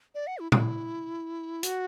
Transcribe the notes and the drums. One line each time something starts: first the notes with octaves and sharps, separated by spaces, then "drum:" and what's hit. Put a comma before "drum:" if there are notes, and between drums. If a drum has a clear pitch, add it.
D5
F#5
E4
E4, drum: tom A#2
F#4, drum: hi-hat